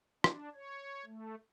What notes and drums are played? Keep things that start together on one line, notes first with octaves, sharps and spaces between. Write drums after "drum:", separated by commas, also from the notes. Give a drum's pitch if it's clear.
D4, drum: rim click
C#5
A3